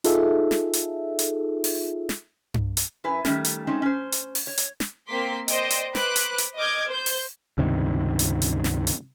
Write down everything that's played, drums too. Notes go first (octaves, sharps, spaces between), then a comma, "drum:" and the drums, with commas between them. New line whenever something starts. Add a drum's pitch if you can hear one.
D#4 F4 G#4 A4 E5, drum: hi-hat
drum: snare
drum: hi-hat
drum: hi-hat
drum: open hi-hat
drum: snare
drum: tom G2
drum: hi-hat
F#2 E4 B4 G#5
D#3 G3 A3 C#4, drum: snare
drum: hi-hat
G#3 C4 C#4 D#4 A5
C#4 C5
drum: hi-hat
drum: open hi-hat
C#5
drum: hi-hat
drum: snare
A#3 C4 C6 D6 B6
C5 D5 D#5 G5, drum: hi-hat
drum: hi-hat
B4 C5 B5 D6 F#6, drum: snare
drum: hi-hat
drum: hi-hat
D#5 D6 F6 G6 G#6
C5 G6
drum: open hi-hat
C#2 G2 C3 D#3
drum: hi-hat
drum: hi-hat
drum: snare
drum: hi-hat